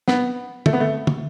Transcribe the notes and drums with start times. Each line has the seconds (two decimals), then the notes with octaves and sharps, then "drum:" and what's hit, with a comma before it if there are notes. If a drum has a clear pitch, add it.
0.08 B3, drum: snare
0.66 A3, drum: tom
0.73 B3
0.80 A3
1.07 drum: tom